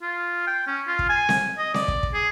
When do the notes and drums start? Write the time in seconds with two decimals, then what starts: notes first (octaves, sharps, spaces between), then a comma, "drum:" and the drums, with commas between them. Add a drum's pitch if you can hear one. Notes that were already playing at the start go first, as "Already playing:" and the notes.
0.03 F4
0.47 G5
0.67 C#4
0.87 F4
0.99 drum: kick
1.09 G#5
1.29 drum: snare C4
1.58 D#5
1.74 D5, drum: snare C4
1.88 drum: kick
2.03 drum: kick
2.13 G#4